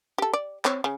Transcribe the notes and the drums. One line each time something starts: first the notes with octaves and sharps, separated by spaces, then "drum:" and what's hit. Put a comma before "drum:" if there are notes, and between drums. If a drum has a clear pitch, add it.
G4 A4
D5
C4 C#5, drum: clap
C#3